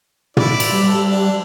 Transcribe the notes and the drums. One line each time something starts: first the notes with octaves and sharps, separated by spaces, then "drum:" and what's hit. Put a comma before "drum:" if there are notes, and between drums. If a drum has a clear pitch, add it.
E4 D5, drum: tom
drum: cymbal
G3
A4
D4